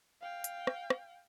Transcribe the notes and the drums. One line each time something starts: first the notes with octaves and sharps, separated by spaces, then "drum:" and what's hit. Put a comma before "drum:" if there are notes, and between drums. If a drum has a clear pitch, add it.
F5 G5
drum: hi-hat
drum: rim click
drum: rim click